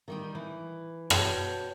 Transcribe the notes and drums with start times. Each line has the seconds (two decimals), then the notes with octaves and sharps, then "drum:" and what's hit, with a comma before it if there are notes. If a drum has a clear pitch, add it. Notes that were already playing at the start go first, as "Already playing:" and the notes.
0.08 D#3 G3 D#4
0.35 E3
1.10 B2 F#4 C#5 G5 A5, drum: rim click